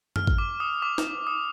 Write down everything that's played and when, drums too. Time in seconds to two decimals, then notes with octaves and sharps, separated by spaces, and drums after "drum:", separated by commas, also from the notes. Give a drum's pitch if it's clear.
0.16 F6, drum: tom F#2
0.27 drum: kick
0.38 D6
0.60 D#6
0.82 D6
0.98 drum: snare
1.27 D#6